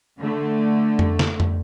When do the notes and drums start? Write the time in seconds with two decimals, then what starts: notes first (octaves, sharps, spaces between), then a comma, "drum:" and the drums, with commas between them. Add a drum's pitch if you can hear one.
0.18 D3 A3
0.99 drum: tom F2
1.19 drum: snare
1.40 drum: tom F2